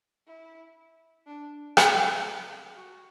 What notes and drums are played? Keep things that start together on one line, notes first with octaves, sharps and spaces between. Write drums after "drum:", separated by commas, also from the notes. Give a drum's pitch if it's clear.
E4
D4
C4, drum: rim click
F#4